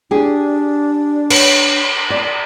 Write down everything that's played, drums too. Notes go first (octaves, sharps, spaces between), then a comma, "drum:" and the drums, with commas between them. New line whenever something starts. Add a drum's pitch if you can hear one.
D4 G4 G#4
B4 C#5, drum: cymbal
D5